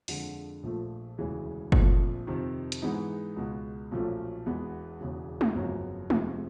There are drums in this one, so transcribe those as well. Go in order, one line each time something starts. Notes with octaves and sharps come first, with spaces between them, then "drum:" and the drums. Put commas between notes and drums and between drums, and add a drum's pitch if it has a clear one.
F2 D3 F3 G#3, drum: open hi-hat
A#1 A#2 F3 A3
E1 D2 C#3 E3 G#3
A#1 A#2 F3 A3 C4, drum: kick
F2 C3 D#3
drum: hi-hat
G#2 E3 G#3 B3 D#4
C#2 B2 G#3
B1 A#2 F3 A3 C#4
E1 E2 B2 G#3 B3
E1 E2 C#3
drum: tom G#3
G1 F2 C#3 F#3 A#3
F2 C3 F3 G#3 C4, drum: tom G#3